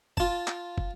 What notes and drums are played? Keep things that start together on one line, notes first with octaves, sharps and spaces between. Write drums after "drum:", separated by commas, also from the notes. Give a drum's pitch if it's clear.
F4 A5, drum: kick
drum: clap
drum: kick